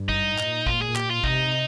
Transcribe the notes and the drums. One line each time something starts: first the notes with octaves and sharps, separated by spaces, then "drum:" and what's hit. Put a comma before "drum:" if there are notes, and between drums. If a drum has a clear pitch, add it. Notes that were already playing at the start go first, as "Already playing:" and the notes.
Already playing: G2
D#4, drum: kick
A#2, drum: clap
F4, drum: kick
G#4
G4, drum: clap
F4
C3 D#4, drum: kick